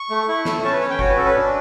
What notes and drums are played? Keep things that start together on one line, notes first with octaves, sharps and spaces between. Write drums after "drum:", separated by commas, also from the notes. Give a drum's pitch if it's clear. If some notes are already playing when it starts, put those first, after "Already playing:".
Already playing: C#6
A3
E4
A3, drum: snare
C#4 A5
B4
C#4 C#5
G5
F#4 C#5, drum: kick G1
B4
C#4 A4
B4
D4